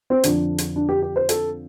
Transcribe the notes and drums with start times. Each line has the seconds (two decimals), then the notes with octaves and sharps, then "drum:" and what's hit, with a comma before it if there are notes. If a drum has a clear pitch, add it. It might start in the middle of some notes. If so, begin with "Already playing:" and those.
0.10 C4
0.24 F2 D3 F3 D4, drum: hi-hat
0.58 drum: hi-hat
0.76 D4
0.89 G4
1.02 G4
1.16 C5
1.29 A4, drum: hi-hat